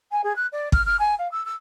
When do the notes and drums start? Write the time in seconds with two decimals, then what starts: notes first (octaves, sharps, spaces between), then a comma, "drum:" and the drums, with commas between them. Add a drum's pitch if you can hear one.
0.11 G#5
0.23 G#4
0.36 F#6
0.52 D5
0.72 F6, drum: kick
0.85 F6
0.99 G#5
1.18 F5
1.31 E6
1.45 E6